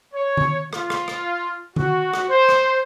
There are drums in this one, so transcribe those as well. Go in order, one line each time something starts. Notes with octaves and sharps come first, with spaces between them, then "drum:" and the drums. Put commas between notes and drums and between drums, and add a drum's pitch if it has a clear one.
C#5
drum: tom D#3
F4, drum: rim click
drum: rim click
drum: rim click
F#4, drum: tom D#3
drum: rim click
C5
drum: rim click